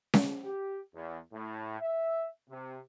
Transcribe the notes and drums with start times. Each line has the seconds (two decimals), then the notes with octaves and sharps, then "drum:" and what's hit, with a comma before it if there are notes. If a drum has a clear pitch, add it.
0.14 drum: snare C#4
0.44 G4
0.94 E2
1.32 A2
1.80 E5
2.50 C3